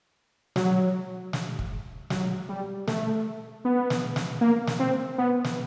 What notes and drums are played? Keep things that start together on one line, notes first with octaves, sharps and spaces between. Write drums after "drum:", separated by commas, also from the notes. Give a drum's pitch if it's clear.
F#3, drum: snare
drum: snare
drum: kick
F#3, drum: snare
G3
A3, drum: snare
B3
drum: snare
drum: snare
A#3
drum: snare
C4
B3
drum: snare